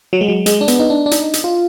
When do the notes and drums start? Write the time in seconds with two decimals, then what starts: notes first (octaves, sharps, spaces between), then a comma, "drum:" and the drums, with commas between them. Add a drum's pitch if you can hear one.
0.13 F#3
0.21 G#3
0.28 F#3
0.46 G#3, drum: hi-hat
0.61 D4
0.68 B3, drum: hi-hat
0.79 D#4
0.90 D4
1.06 D4
1.11 D#4, drum: hi-hat
1.33 drum: hi-hat
1.44 F4